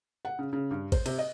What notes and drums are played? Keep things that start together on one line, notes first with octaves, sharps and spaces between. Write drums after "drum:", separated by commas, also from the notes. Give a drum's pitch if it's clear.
F#5
C#3
C#3
G2
C5, drum: kick G#1, cymbal
C3, drum: cymbal
D#5